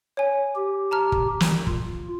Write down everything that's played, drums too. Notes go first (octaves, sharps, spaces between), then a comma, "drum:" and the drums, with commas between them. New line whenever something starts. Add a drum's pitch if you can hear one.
C#5 G#5
G4
A5 A#5 F6
drum: kick
drum: snare
F4, drum: kick